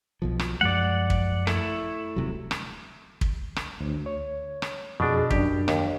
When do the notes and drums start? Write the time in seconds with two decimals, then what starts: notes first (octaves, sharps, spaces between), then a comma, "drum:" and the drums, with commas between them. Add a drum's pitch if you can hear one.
0.22 B1 B2 F3
0.39 drum: rim click
0.61 F#2 F3 G#3 D5 F#5
1.10 drum: kick
1.47 A3 E4, drum: rim click
2.16 D#1 C3 F#3
2.51 drum: rim click
3.21 drum: kick
3.56 drum: rim click
3.80 D2
4.06 C#5
4.62 drum: rim click
5.00 F2 B2 D4 G#4
5.30 F#2 D4 G4, drum: kick
5.68 D#2, drum: rim click